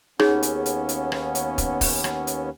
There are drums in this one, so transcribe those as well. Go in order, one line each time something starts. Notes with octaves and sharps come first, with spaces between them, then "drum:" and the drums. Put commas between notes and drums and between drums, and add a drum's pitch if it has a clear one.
D#2 B3 C#4 D#4 G#4 C#5, drum: rim click
drum: hi-hat
drum: hi-hat
drum: hi-hat
drum: rim click
drum: hi-hat
drum: kick, hi-hat
drum: kick, open hi-hat
drum: rim click
drum: hi-hat